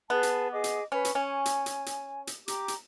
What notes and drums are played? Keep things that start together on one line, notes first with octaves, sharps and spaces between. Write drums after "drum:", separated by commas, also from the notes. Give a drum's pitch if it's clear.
B3 G#4 B4 A5
drum: hi-hat
G#4 D#5 D6
drum: hi-hat
C#4 B4
drum: hi-hat
C#4 G#5
drum: hi-hat
drum: hi-hat
drum: hi-hat
drum: hi-hat
G4 A#5 D6, drum: hi-hat
drum: hi-hat